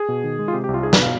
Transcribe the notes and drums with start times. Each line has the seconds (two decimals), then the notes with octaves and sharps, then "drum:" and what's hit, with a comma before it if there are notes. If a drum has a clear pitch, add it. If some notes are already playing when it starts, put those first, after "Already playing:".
Already playing: G#4
0.08 B2
0.24 D#3
0.39 G#3
0.48 F4
0.53 C3 G4
0.64 C2 G4
0.74 F4
0.83 D#4 G#4
0.93 B4, drum: snare
0.98 B2 F5